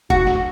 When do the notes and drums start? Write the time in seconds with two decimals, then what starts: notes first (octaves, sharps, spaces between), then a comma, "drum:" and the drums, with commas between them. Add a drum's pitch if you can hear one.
0.10 F#4, drum: kick F1
0.27 drum: snare